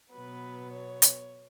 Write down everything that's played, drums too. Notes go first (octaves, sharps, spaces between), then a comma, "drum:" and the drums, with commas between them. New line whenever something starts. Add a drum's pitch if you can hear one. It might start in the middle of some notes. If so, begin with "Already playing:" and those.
B2 F#3 B3 B4
C#5
drum: hi-hat